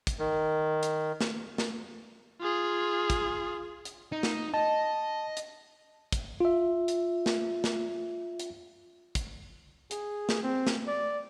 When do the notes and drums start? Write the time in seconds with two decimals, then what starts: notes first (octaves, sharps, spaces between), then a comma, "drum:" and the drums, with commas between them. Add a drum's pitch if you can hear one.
0.07 drum: kick, hi-hat
0.19 D#3
0.83 drum: hi-hat
1.21 drum: snare
1.58 drum: snare
2.40 F4 G#4
3.10 drum: kick, hi-hat
3.85 drum: hi-hat
4.12 D#4
4.23 drum: snare
4.54 D#5 A5
5.37 drum: hi-hat
6.12 drum: kick, hi-hat
6.40 F4 E5
6.88 drum: hi-hat
7.26 drum: snare
7.64 drum: snare
8.39 drum: hi-hat
9.15 drum: kick, hi-hat
9.91 G#4, drum: hi-hat
10.29 drum: snare
10.43 C4
10.67 drum: snare
10.87 D5